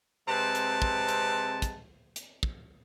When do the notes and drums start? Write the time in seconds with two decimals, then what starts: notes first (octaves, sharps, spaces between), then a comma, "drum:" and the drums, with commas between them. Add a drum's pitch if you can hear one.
0.28 C3 G#3 C4 B4 A5
0.55 drum: hi-hat
0.82 drum: kick
1.09 drum: hi-hat
1.62 drum: kick, hi-hat
2.16 drum: hi-hat
2.43 drum: kick